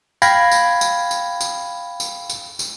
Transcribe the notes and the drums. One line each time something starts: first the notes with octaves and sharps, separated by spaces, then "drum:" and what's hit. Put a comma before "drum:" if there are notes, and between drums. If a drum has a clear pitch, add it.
F5 G5 B5 G#6 A#6, drum: tambourine
drum: tambourine
drum: tambourine
drum: tambourine
drum: tambourine
drum: tambourine
drum: tambourine
drum: tambourine